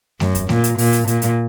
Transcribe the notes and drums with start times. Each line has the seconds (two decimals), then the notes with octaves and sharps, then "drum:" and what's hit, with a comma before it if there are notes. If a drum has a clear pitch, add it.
0.20 F#2, drum: snare A3
0.35 drum: kick D#2, hi-hat
0.49 A#2, drum: snare A3
0.64 drum: hi-hat
0.78 A#2, drum: open hi-hat
0.93 drum: hi-hat
1.07 A#2, drum: hi-hat
1.22 drum: hi-hat